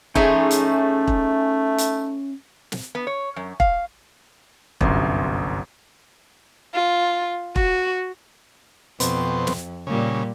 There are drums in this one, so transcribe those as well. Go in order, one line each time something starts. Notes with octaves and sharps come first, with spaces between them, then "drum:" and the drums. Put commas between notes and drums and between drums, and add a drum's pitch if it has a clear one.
A3 C#4 D#4 G#4 C#5 E5, drum: kick E1
drum: hi-hat
drum: kick E1
drum: hi-hat
drum: snare
B3
C#5
F#2
F5, drum: kick E1
G1 C2 F#2 C6, drum: kick E1
F4
F#4, drum: kick E1
F2 B2 C4, drum: hi-hat
drum: snare
A#2 C#3 G3 A#3